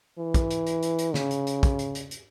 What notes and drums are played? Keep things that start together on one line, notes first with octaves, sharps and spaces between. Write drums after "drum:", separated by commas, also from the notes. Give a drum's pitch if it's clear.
E3
drum: kick, hi-hat
drum: hi-hat
drum: hi-hat
drum: hi-hat
drum: hi-hat
C#3, drum: snare
drum: hi-hat
drum: hi-hat
drum: kick, hi-hat
drum: hi-hat
drum: hi-hat
drum: hi-hat